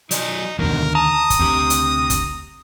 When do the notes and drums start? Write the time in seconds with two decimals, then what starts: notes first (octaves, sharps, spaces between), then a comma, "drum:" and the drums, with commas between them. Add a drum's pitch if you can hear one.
0.11 F#3 D#4 D5 G#5, drum: hi-hat
0.59 D2 G#2 B2 D3 D#3 A#4
0.95 A5 A#5 D#6
1.30 drum: kick, hi-hat
1.39 D2 C4 G4
1.70 drum: hi-hat
2.10 drum: kick, hi-hat